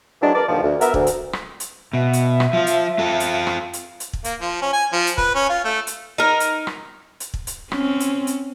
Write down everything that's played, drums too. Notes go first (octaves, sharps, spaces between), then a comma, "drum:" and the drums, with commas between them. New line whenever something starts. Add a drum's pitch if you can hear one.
E3 F#3 G#3 C4 D4
D4 A#4 B4 D5
G2 A#2 D3 D#3 F3
D2
B3 A#4 E5, drum: hi-hat
D2, drum: kick
drum: hi-hat
drum: rim click
drum: hi-hat
B2 E5
drum: hi-hat
drum: rim click
F3 F4
drum: hi-hat
F4 A4
drum: hi-hat
drum: rim click
drum: hi-hat
drum: hi-hat
drum: kick
A#3, drum: hi-hat
F3
C#4
G#5
F3
drum: hi-hat
B4, drum: kick
C#4
F4
A3
drum: hi-hat
D#4 A#4
drum: hi-hat
drum: rim click
drum: hi-hat
drum: kick
drum: hi-hat
C4 C#4, drum: rim click
drum: hi-hat
drum: hi-hat